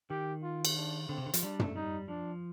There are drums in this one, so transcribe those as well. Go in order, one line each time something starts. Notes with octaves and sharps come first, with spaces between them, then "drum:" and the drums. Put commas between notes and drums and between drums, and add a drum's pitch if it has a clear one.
D#3 G4
F4
drum: cymbal
D4
D3 C4
C3
D3
F3, drum: hi-hat
G3 D4
A3, drum: tom
G3 D#4
F3 D4